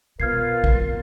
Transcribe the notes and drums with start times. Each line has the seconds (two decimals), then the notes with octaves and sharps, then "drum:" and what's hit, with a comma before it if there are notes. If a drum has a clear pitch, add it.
0.20 B2 F4 A#4 B4 F5 F6 G#6 C7
0.64 drum: kick